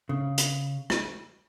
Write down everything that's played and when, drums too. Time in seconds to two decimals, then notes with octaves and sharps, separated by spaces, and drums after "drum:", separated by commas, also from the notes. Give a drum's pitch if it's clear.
0.09 C#3
0.38 drum: hi-hat
0.90 drum: rim click